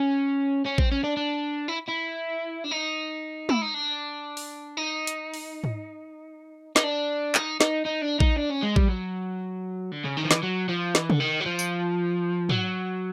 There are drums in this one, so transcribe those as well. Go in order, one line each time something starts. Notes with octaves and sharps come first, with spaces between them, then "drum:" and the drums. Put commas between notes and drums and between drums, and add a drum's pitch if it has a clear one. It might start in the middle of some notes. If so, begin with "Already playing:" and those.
Already playing: C#4
C#4
C4, drum: kick A1
C#4
D4
D4
E4
E4
D4
D#4
E4, drum: tom
D#4
D4
drum: open hi-hat
D#4
drum: hi-hat
drum: open hi-hat
drum: tom G#2
D#4, drum: snare
D4
D#4, drum: clap
D#4, drum: snare
D#4
D4
D#4, drum: kick A1
D4
C#4
G#3
G3, drum: kick A1
F#3
D3
C#3
D#3
F3
E3, drum: snare
F#3
F3
E3, drum: snare
D3, drum: tom C3
D#3
F#3
F3
drum: tambourine
F#3, drum: tom G#2